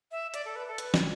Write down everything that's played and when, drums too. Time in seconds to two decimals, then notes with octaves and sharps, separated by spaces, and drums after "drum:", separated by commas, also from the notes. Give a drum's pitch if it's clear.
0.11 E5
0.34 D5, drum: hi-hat
0.45 A4
0.56 B4
0.68 A4
0.78 B4, drum: hi-hat
0.94 drum: snare